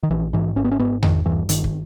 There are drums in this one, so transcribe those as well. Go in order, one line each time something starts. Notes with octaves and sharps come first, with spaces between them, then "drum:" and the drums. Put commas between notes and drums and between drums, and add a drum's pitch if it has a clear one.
D#3
A#1 E3
G#2 E3
G#1 C#4
B3
C#4
G#2 B3
G#1 D#3, drum: tom E2
G2 E3
G1 D#3, drum: hi-hat
drum: kick